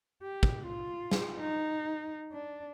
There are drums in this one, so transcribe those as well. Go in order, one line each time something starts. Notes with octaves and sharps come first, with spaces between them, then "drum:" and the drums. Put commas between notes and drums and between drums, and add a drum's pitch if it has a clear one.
G4
drum: kick
F4
drum: snare
D#4
D4